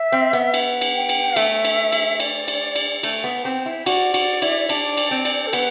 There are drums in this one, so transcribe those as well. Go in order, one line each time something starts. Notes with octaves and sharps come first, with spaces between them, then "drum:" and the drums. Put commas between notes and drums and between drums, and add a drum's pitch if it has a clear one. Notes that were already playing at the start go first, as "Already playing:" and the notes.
Already playing: E5
C4
B3
drum: cymbal
drum: cymbal
G5
drum: cymbal
A3 E5, drum: cymbal
drum: cymbal
drum: cymbal
D5, drum: cymbal
drum: cymbal
drum: cymbal
A3, drum: cymbal
B3
C4
E4
F#4 D5, drum: cymbal
F#4, drum: cymbal
E4, drum: cymbal
D4 D5, drum: cymbal
drum: cymbal
C4
drum: cymbal
A4
B3 B4, drum: cymbal